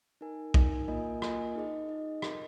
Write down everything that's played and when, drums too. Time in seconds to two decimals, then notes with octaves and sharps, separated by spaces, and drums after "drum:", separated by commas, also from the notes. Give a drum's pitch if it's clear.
0.21 D#4 A#4 G#5
0.54 D#4 A#4 G#5, drum: kick
0.88 A#3 F4 A#4 D#5 G#5
1.22 A#3 F4 A#4 D#5 G#5, drum: rim click
1.55 D#4 G#4 D#5
1.89 D#4 G#4 D#5
2.22 C4 F4 A#4 D#5, drum: rim click